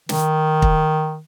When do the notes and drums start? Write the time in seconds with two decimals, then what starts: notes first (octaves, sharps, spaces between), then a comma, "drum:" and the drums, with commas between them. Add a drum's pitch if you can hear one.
0.09 D#3, drum: snare
0.62 drum: kick